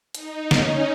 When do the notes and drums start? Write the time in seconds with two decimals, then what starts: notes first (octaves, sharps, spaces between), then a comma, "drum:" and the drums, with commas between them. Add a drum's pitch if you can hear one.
0.15 D#4, drum: hi-hat
0.51 C#4, drum: snare